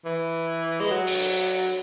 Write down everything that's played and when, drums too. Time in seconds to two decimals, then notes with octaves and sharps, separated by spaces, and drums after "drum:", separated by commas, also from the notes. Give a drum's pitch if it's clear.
0.05 E3
0.80 G#3
0.91 F#3
1.07 drum: open hi-hat